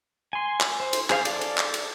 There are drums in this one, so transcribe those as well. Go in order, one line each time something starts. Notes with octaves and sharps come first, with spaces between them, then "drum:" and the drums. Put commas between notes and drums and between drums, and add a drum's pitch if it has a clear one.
G#5 C6
drum: clap
C5
drum: cymbal
G#4 C5 F5, drum: clap
A4 D5, drum: cymbal
drum: cymbal
drum: clap
drum: cymbal